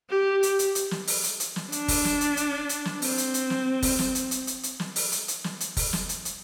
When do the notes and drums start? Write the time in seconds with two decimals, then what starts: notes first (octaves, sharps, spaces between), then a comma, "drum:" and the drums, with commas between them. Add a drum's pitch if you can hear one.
0.10 G4
0.43 drum: hi-hat
0.59 drum: hi-hat
0.75 drum: hi-hat
0.91 drum: snare
1.07 drum: open hi-hat
1.24 drum: hi-hat
1.40 drum: hi-hat
1.56 drum: snare
1.72 D4, drum: hi-hat
1.88 drum: kick F1, open hi-hat
2.05 drum: snare
2.21 drum: hi-hat
2.37 drum: hi-hat
2.69 drum: hi-hat
2.85 drum: snare
3.02 C4, drum: open hi-hat
3.18 drum: hi-hat
3.34 drum: hi-hat
3.50 drum: snare
3.82 drum: kick F1, open hi-hat
3.99 drum: snare
4.15 drum: hi-hat
4.31 drum: hi-hat
4.47 drum: hi-hat
4.63 drum: hi-hat
4.80 drum: snare
4.96 drum: open hi-hat
5.12 drum: hi-hat
5.28 drum: hi-hat
5.44 drum: snare
5.60 drum: hi-hat
5.77 drum: kick F1, open hi-hat
5.93 drum: snare
6.09 drum: hi-hat
6.25 drum: hi-hat